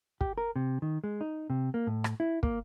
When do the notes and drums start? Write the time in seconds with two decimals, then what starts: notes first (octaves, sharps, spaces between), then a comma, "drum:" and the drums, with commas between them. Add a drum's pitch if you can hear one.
0.21 G4, drum: kick
0.38 A#4
0.56 C3
0.82 D#3
1.04 G#3
1.21 D#4
1.50 C3
1.74 A#3
1.87 A2
2.04 drum: rim click
2.20 E4
2.43 A#3, drum: kick